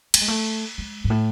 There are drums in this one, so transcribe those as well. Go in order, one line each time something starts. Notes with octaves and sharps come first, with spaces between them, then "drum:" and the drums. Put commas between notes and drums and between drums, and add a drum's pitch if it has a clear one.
A3, drum: cymbal
G#3
A3
G#3
G#2
A2